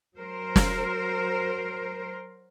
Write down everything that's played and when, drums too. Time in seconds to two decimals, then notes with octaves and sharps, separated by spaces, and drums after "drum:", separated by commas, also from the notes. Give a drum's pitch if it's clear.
0.18 F#3 A#4 C5
0.56 drum: snare